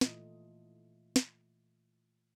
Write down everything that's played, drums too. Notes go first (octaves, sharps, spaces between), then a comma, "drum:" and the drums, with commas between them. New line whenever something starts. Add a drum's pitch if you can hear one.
A#2 E3 A3 F4 D#5, drum: snare
drum: snare